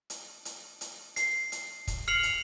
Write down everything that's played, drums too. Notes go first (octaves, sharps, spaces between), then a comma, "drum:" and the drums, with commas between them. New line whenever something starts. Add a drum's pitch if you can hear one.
drum: hi-hat
drum: hi-hat
drum: hi-hat
C7, drum: hi-hat
drum: hi-hat
drum: kick, hi-hat
F6 C7 C#7 F7 F#7
drum: hi-hat